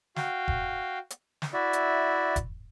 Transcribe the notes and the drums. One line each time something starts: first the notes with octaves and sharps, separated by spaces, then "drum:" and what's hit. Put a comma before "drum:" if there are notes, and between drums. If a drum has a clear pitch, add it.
F#4 F5 G5, drum: snare
drum: kick E1
drum: hi-hat
drum: snare
E4 F#4 D5 E5
drum: hi-hat
drum: kick E1, hi-hat